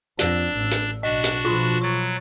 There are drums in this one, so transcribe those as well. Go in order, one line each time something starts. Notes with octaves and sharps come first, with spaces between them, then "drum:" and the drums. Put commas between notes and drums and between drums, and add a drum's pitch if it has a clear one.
F2 D4 D5 E6, drum: hi-hat
A1
drum: hi-hat
B1 D4 F#4 D#5
drum: hi-hat
B2 F3 F4 B5 C6
F#3 C#6 A6